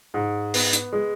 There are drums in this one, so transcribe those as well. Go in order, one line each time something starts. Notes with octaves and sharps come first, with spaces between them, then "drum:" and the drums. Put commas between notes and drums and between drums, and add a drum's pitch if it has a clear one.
G#2
B3, drum: open hi-hat
drum: hi-hat
G#3